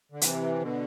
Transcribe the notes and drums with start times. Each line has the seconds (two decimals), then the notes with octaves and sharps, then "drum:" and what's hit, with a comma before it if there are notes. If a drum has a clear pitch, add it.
0.12 D3
0.21 C3 E3, drum: hi-hat
0.60 B2 D3